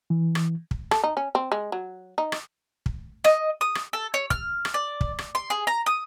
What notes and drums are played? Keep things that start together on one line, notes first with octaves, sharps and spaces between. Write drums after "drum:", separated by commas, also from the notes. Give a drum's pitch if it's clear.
E3
drum: rim click
drum: kick
A4, drum: rim click
D#4
C#4
C4
G#3
F#3
D#4
drum: rim click
drum: kick
D#5, drum: rim click
D#6
drum: rim click
A4
C#5
F6, drum: kick
drum: rim click
D5
drum: kick
drum: rim click
C6
G#4
A#5
D#6